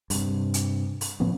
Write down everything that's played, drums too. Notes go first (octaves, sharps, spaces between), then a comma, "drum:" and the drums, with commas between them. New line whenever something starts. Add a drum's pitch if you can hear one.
G2 C3, drum: open hi-hat
drum: hi-hat
drum: open hi-hat
A2 F3 B3 C#4